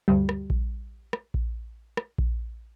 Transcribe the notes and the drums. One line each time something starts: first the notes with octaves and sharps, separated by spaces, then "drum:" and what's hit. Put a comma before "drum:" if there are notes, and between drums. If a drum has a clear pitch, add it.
D2 G2 G3
drum: rim click
drum: kick A#1
drum: rim click
drum: kick A#1
drum: rim click
drum: kick A#1